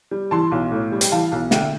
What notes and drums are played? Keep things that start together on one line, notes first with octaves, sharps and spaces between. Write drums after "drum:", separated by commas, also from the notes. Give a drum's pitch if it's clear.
G3
E3 A5 C6
B1
A2
G3
G5, drum: hi-hat
E3 F5 A5
B1
D3 E5 G5, drum: snare